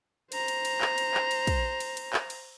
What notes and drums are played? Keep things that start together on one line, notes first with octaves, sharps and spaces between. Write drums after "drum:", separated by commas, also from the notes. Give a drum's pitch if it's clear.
C5 A#5, drum: cymbal
drum: cymbal
drum: cymbal
drum: clap
drum: cymbal
drum: clap
drum: cymbal
drum: kick, cymbal
drum: cymbal
drum: cymbal
drum: clap
drum: cymbal